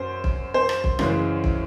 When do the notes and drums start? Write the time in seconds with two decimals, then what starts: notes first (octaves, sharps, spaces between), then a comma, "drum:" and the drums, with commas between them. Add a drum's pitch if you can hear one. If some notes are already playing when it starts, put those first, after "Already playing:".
Already playing: F#2 C5
0.24 drum: kick
0.54 C5
0.69 drum: rim click
0.84 drum: kick
0.99 F#2 C#3 E3 G#3, drum: rim click
1.44 drum: kick